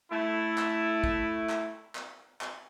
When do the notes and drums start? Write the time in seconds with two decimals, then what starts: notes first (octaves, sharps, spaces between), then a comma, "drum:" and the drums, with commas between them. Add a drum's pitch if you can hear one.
0.12 A3 E4
0.58 drum: clap
1.04 drum: kick
1.49 drum: clap
1.95 drum: clap
2.41 drum: clap